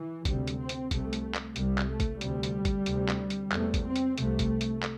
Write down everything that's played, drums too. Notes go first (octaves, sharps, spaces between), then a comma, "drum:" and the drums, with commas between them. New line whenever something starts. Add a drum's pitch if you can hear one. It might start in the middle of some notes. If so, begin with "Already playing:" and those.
Already playing: E3
D2 C3 G3, drum: kick G#1, hi-hat
drum: hi-hat
C4
drum: hi-hat
C2 C3 A3, drum: kick G#1, hi-hat
drum: hi-hat
drum: clap
C2 C3 G3, drum: hi-hat
drum: clap
A3
drum: kick G#1, hi-hat
D2 C3 G3, drum: hi-hat
drum: hi-hat
drum: kick G#1, hi-hat
D2 C3, drum: hi-hat
drum: clap
drum: hi-hat
E2 C3 A3, drum: clap
drum: kick G#1, hi-hat
C4
drum: hi-hat
C2 C3 A3, drum: hi-hat
drum: kick G#1, hi-hat
drum: hi-hat
drum: clap